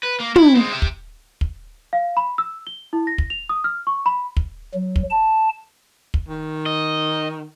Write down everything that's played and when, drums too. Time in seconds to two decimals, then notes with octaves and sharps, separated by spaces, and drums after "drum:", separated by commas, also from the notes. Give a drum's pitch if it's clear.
0.03 B4
0.20 A#3
0.36 E4, drum: tom
0.55 G#3 C4
0.73 G4 E5
0.82 drum: kick
1.41 drum: kick
1.93 F5
2.17 B5
2.38 E6
2.67 G7
2.93 E4
3.07 A#6
3.18 drum: kick
3.30 F7
3.49 D#6
3.64 F6
3.87 C#6
4.06 B5
4.37 drum: kick
4.74 F#3
4.96 drum: kick
5.10 A5
6.14 drum: kick
6.29 D#3
6.66 D#5